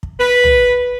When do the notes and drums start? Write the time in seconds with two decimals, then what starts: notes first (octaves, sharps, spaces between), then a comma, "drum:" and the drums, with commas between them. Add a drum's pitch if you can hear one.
0.03 drum: kick
0.19 B4
0.44 drum: tom